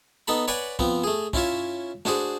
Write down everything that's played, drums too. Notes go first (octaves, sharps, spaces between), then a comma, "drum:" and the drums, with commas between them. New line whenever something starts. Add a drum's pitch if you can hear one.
B3 D#4 A4 B5
B4 C#5 D5 F#5 G#5 B5
F3 B3 C4, drum: kick
A3 G#4
C#4 E4 F4 C#5 E5, drum: kick
D4 F#4 G#4 C5, drum: snare